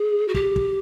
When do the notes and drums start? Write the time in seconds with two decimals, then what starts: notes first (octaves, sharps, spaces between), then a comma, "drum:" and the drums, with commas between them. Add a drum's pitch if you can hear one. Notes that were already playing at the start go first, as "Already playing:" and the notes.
Already playing: G#4
0.28 F#4
0.34 G4, drum: kick
0.56 drum: kick